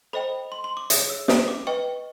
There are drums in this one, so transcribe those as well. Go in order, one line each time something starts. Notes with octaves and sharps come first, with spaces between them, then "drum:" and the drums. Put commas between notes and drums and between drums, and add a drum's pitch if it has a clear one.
A4 C5 D#5 G5 B5
C6
C6
D6
G#4 C#5 E5 D#6, drum: hi-hat
E6
D#6, drum: snare
D6
B4 D#5 G5 C#6